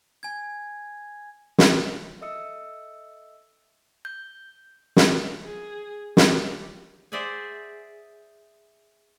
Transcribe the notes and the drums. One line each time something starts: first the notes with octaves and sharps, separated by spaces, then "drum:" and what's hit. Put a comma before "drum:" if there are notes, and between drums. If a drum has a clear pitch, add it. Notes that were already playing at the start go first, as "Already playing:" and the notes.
G#5 G#6
drum: snare
A4 D#5 E5 D#6 E6 C#7
G6
drum: snare
G#4
G3, drum: snare
G#4 C5 D5 E5 F#5 G#5